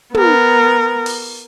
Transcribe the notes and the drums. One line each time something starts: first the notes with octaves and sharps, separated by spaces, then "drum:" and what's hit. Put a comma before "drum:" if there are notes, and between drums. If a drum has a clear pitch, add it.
B3 A#4, drum: tom
drum: open hi-hat